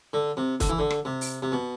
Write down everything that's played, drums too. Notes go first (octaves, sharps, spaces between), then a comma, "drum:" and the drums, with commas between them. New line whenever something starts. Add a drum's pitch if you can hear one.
D3
C3
D3, drum: kick, hi-hat
E3
D3
drum: rim click
C3
drum: open hi-hat
C3
B2